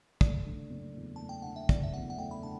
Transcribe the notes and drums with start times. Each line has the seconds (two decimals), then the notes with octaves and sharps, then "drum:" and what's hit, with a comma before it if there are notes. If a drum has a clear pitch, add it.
0.21 A3 D5, drum: kick
0.45 D3
0.70 F#1
0.95 E2
1.16 A3 A5
1.29 G5
1.42 D3 F#5
1.56 E5
1.69 F#1 D5, drum: kick
1.83 E5
1.93 E2 F#5
2.10 F#5
2.18 A3 G5
2.31 B5
2.42 D3 A5